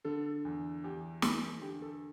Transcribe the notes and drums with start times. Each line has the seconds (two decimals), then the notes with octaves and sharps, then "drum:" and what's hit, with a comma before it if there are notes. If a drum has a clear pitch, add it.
0.05 D3 A4
0.45 E2
0.84 E2 G4
1.22 E2, drum: snare
1.62 D3 G4
1.82 A4